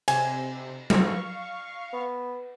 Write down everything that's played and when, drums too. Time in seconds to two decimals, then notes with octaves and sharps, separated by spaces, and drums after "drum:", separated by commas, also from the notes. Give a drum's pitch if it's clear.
0.08 C3 G#5, drum: cymbal
0.90 F5 C#6, drum: tom F#3
1.93 B3